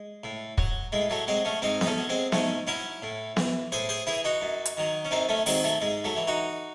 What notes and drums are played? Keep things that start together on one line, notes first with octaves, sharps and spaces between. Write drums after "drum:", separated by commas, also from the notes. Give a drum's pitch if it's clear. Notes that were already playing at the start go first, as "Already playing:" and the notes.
Already playing: G#3
A2
F#3, drum: kick
A2 G#3
F#3 A3
F#3 G#3 C4
A3 C#4
G#2 C4 D#4
D#4, drum: snare B3
A3 C#4
F#3
G#3 C4
G#2 A3 C#4, drum: snare B3
F#3 C#4 E4
A2
E3, drum: snare B3
A2 G#4 C5
G#4 C5
E3 E4 G#4
D#4 F#4
F#2
drum: hi-hat
D#3 F#3
C#4
F#2 C4 D#4
A3 C#4
D#3 F#3 G#3 C4, drum: open hi-hat
F#3 A3
G#2 G#3
F#3 A3
E3
D#4 F#4